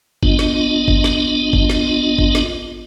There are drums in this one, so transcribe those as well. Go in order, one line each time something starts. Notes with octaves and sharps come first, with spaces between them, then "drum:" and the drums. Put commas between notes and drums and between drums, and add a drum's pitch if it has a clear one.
B3 D4 F4 D#5, drum: kick G1
drum: snare
drum: kick G1
drum: snare
drum: kick G1
drum: snare
drum: kick G1
drum: snare